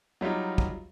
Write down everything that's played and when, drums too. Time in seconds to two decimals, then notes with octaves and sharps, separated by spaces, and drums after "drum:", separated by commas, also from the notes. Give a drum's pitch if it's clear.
0.21 F#3 G3 D#4 F4
0.58 drum: kick